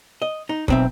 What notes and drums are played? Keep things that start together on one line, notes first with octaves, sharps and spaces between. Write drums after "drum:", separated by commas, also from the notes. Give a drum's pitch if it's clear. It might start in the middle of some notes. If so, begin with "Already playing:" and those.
D#5
D#4
B1 C4 E5, drum: kick